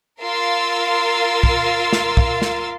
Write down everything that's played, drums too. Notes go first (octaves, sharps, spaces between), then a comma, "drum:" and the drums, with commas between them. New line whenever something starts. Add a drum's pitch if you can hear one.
F4 A#4 F5 C6 E6 A6
drum: kick
drum: snare
drum: kick
drum: snare